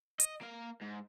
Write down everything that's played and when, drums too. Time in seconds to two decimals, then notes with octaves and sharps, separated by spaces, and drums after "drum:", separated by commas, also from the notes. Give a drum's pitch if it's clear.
0.20 D#5, drum: hi-hat
0.41 A#3 F5
0.81 G#2